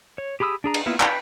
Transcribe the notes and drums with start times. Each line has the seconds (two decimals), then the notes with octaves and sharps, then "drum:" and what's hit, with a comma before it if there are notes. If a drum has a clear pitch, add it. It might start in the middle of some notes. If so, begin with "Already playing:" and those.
0.18 C#5
0.40 G4 G#4 B5 D#6 E6
0.64 D4 G#4 A#5
0.74 drum: cymbal
0.86 A#3 B3 E4 F4
1.00 B4 G5, drum: clap